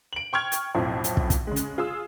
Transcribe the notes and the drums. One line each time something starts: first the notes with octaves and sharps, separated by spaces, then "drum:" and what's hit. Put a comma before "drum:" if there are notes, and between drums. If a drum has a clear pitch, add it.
D7 F#7
G5 C#6 F6 G#6
drum: hi-hat
B1 F2 A2 F3
drum: hi-hat
drum: kick
drum: kick, hi-hat
C#3 G#3
drum: hi-hat
F4 G#4 D#6 E6